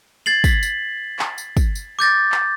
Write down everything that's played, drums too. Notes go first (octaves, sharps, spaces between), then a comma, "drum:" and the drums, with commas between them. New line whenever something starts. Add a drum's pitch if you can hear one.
G#6 A6 C7 F#7
B6, drum: kick, tambourine
drum: tambourine
drum: clap
drum: tambourine
drum: kick, tambourine
drum: tambourine
D6 G6 A6 A#6
drum: clap